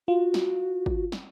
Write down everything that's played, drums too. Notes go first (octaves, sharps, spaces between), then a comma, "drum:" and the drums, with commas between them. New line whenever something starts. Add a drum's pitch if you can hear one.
F4 F#4
drum: snare
drum: kick
drum: snare